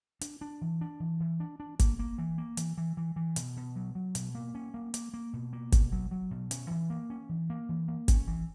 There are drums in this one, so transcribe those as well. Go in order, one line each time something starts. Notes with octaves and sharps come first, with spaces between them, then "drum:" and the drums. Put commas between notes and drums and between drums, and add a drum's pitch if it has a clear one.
D4, drum: hi-hat
D4
E3
D4
E3
E3
D4
D4
A#3, drum: kick, hi-hat
A#3
E3
A#3
E3, drum: hi-hat
E3
E3
E3
B2, drum: hi-hat
B2
F#3
F#3
B2, drum: hi-hat
A#3
C#4
A#3
A#3, drum: hi-hat
A#3
B2
A#3
B2, drum: kick, hi-hat
F#3
F#3
B2
C#4, drum: hi-hat
E3
A#3
C#4
E3
A#3
E3
A#3
C#4, drum: kick, hi-hat
E3